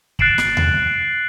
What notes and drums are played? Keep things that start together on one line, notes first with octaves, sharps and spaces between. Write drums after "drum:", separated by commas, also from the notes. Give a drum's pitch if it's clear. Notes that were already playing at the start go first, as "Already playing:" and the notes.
F#6 A6 C7 D7 E7 F#7, drum: kick
drum: snare
drum: tom D#2